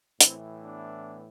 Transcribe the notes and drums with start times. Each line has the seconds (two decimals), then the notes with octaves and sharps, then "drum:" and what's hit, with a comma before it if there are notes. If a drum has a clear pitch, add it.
0.21 A2 E3 C4 E4, drum: hi-hat
0.60 B3 D4